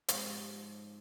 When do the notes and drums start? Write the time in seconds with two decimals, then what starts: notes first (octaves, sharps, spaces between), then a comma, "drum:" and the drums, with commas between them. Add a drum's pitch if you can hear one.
0.08 G#2 F3 C4 G4, drum: hi-hat